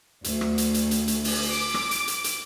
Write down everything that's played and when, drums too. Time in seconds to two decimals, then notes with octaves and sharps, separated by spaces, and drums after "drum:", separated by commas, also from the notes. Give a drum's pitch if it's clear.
0.24 D2, drum: hi-hat
0.41 drum: rim click
0.58 drum: hi-hat
0.74 drum: hi-hat
0.91 drum: hi-hat
1.08 drum: hi-hat
1.24 drum: open hi-hat
1.50 D6
1.74 drum: rim click
1.91 drum: hi-hat
2.08 drum: hi-hat
2.24 drum: hi-hat